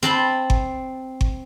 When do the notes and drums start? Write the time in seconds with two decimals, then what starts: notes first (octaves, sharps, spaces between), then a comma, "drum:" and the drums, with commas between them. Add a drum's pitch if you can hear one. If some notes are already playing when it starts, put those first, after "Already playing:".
0.03 C4 A5 B5
0.50 drum: kick G1
1.21 drum: kick G1